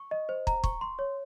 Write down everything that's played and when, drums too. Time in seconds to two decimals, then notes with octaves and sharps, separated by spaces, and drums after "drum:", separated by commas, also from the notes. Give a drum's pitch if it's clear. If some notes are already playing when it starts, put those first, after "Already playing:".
Already playing: C#6
0.11 D#5
0.29 C5
0.47 A#5, drum: kick
0.64 C#6, drum: kick
0.81 C6
0.99 C#5